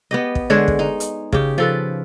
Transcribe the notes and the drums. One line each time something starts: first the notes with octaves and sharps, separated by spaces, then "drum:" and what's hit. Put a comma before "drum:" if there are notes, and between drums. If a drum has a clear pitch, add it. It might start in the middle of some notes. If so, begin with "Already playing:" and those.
B3 G4 D#5
drum: kick
D3 G#3 D4 C#5
drum: kick
D#4
drum: hi-hat
C#3 G4, drum: kick
F3 A4 B4